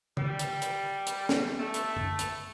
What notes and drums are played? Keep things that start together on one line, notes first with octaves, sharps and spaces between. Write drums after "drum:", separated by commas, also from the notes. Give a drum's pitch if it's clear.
G3, drum: tom
drum: hi-hat
drum: hi-hat
drum: hi-hat
drum: snare
A3
drum: hi-hat
drum: tom
drum: hi-hat